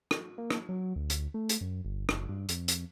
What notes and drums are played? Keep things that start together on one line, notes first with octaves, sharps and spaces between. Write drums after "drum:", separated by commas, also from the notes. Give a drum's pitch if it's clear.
drum: rim click
A#3
drum: rim click
F#3
D2
drum: hi-hat
A3
drum: hi-hat
F#2
G1
F#1, drum: rim click
G2
F2, drum: hi-hat
drum: hi-hat